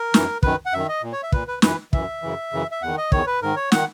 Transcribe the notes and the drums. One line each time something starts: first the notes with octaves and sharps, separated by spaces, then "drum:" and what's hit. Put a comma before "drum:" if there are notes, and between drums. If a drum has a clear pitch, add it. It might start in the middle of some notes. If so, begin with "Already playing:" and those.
Already playing: A#4
F#2 E3, drum: snare
F#2 D#3 B4, drum: kick
F#5
F#2 D#3 E5
D#5
A#2
C#5
E5
A#2 B4, drum: kick
B4
F#2 E3 B4, drum: snare
F#2 E3 E5, drum: kick
F#2 C#3 E3
F#2 C#3 E3
E5
E2 D#3 F#5
D#5
E2 D#3 C#5, drum: kick
B4
G#2 D#3 A#4
C#5
D#3 F#5, drum: snare